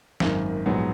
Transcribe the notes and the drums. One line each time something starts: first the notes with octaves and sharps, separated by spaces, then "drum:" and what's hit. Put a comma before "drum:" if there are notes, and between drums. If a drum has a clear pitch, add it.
G#1 F#2 D#3, drum: snare
A#1 G#2 F#3 B3